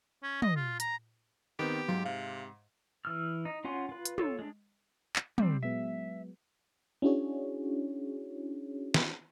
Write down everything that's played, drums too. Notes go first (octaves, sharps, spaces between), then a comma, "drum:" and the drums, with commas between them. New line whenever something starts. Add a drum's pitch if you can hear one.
C#4
D#5, drum: tom
F4
A#5, drum: hi-hat
D#3 B3 C4 G4
G#2 F#3 F4
C3 F5
E3 E6 F6
D#4
C#4 F4 F#5 G#5 C6
F4 B4
drum: hi-hat
F4 A4 C#5, drum: tom
G#3 D4
drum: clap
G3 C4, drum: tom
F#3 G#3 B3 E5
C#4 D4 E4 F#4 G#4 C#5
drum: snare